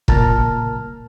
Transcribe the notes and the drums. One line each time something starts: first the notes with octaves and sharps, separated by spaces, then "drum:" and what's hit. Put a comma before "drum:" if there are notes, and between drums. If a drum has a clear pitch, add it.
C#2 A#2 A#4 A5 A#5 F6, drum: kick